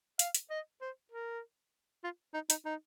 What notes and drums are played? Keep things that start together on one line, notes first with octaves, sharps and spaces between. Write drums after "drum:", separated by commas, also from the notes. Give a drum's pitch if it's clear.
F5, drum: hi-hat
drum: hi-hat
D#5
C5
A#4
F4
D#4
D#4, drum: hi-hat
D#4